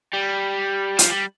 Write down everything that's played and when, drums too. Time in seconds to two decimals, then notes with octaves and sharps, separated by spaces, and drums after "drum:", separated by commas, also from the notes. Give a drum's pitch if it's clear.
0.14 G3
0.99 F3, drum: hi-hat
1.10 G3